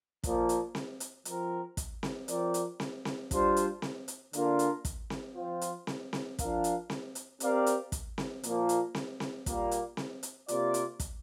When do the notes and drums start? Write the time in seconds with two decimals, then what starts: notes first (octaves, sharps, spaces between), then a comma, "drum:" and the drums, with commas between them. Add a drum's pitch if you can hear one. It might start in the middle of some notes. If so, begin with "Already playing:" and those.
0.23 A#2 F3 A#3, drum: kick, hi-hat
0.49 drum: hi-hat
0.75 drum: snare C4
1.00 drum: hi-hat
1.25 F3 C4 A#4, drum: hi-hat
1.77 drum: kick, hi-hat
2.03 drum: snare C4
2.28 F3 C4 A#4 D5, drum: hi-hat
2.54 drum: hi-hat
2.80 drum: snare C4
3.05 drum: snare C4
3.31 G3 D4 F4 C5, drum: kick, hi-hat
3.56 drum: hi-hat
3.82 drum: snare C4
4.08 drum: hi-hat
4.33 D3 A#3 D4 F4 A#4, drum: hi-hat
4.59 drum: hi-hat
4.85 drum: kick, hi-hat
5.10 drum: snare C4
5.36 F3 C4 F4 C5 F5
5.61 drum: hi-hat
5.87 drum: snare C4
6.13 drum: snare C4
6.39 F3 D4 A#4 F5, drum: kick, hi-hat
6.64 drum: hi-hat
6.90 drum: snare C4
7.15 drum: hi-hat
7.40 C4 G4 A#4 D5 F5, drum: hi-hat
7.66 drum: hi-hat
7.92 drum: kick, hi-hat
8.18 drum: snare C4
8.43 A#2 F3 A#3 F4, drum: hi-hat
8.69 drum: hi-hat
8.95 drum: snare C4
9.20 drum: snare C4
9.46 A#2 G3 A#3, drum: kick, hi-hat
9.71 drum: hi-hat
9.97 drum: snare C4
10.23 drum: hi-hat
10.48 C3 A#3 F4 D5, drum: hi-hat
10.74 drum: hi-hat
11.00 drum: kick, hi-hat